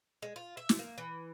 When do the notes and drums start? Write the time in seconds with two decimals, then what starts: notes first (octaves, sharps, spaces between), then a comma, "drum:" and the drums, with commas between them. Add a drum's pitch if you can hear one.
0.22 G#3
0.36 F4
0.57 E5
0.69 drum: snare
0.79 A#3
0.98 E3